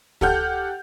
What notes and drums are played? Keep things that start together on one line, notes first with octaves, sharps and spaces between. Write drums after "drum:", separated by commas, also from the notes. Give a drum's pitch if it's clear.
G4 A4 F#5 F6 G6, drum: kick